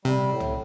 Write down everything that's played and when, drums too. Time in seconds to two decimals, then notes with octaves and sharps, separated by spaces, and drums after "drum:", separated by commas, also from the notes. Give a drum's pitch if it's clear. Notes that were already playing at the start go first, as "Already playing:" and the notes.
0.05 C3 G3
0.29 A2
0.40 drum: tom